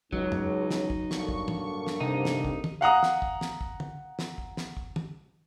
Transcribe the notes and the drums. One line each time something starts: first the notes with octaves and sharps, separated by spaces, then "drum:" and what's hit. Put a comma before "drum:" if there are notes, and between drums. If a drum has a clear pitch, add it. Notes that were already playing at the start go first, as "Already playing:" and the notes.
C#2 F#3 D#4, drum: kick
drum: tom
drum: snare
drum: kick
G2 D3 A#3 C#6, drum: snare
drum: kick
drum: tom
drum: snare
C3 D#4
drum: snare
drum: kick
drum: tom
F5 F#5 A#5 D#6
drum: snare
drum: kick
drum: snare
drum: kick
drum: tom
drum: snare
drum: kick
drum: snare
drum: kick
drum: tom